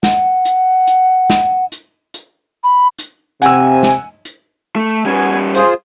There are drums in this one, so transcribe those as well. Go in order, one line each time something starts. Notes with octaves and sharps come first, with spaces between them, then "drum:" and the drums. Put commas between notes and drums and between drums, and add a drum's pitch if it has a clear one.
F#5, drum: snare
drum: hi-hat
drum: hi-hat
drum: snare
drum: hi-hat
drum: hi-hat
B5
drum: hi-hat
C3 F#5 G#5 E6, drum: hi-hat
drum: snare
drum: hi-hat
A3
G3 B3 C#4 G#5
F4 G#4 C5, drum: hi-hat